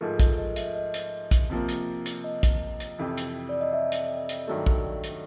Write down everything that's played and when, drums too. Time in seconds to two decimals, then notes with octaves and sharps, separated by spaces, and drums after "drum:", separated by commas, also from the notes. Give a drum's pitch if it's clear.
0.01 G#2 F3 A3 A#4
0.20 D#5, drum: kick, hi-hat
0.38 D#5
0.56 E5, drum: hi-hat
0.76 D#5
0.94 drum: hi-hat
1.31 drum: kick, hi-hat
1.50 C3 F3 A#3
1.69 drum: hi-hat
2.06 drum: hi-hat
2.24 D#5
2.43 drum: kick, hi-hat
2.80 drum: hi-hat
2.98 F2 C3 E3
3.18 drum: hi-hat
3.49 D5
3.61 D#5
3.73 E5
3.92 drum: hi-hat
4.29 drum: hi-hat
4.48 G2 D#3 F#3 A3
4.66 drum: kick
5.04 drum: hi-hat